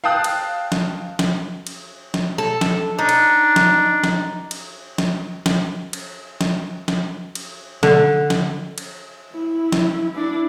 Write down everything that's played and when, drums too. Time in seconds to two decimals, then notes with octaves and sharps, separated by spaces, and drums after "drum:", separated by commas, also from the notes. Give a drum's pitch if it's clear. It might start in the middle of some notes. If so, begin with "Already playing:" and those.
0.04 F5 G5 A5 D#6 F#6
0.24 drum: cymbal
0.72 drum: snare
1.19 drum: snare
1.67 drum: cymbal
2.14 drum: snare
2.38 A4
2.61 drum: snare
2.99 D4 D#4
3.09 drum: cymbal
3.56 drum: snare
4.04 drum: snare
4.51 drum: cymbal
4.98 drum: snare
5.46 drum: snare
5.93 drum: cymbal
6.41 drum: snare
6.88 drum: snare
7.35 drum: cymbal
7.83 D3, drum: snare
8.30 drum: snare
8.78 drum: cymbal
9.33 E4
9.72 drum: snare
10.15 D4 E4